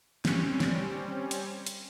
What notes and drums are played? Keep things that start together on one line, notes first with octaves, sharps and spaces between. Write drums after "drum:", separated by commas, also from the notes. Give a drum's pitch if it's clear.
G3 C4 C#4, drum: snare
drum: snare
drum: hi-hat
drum: hi-hat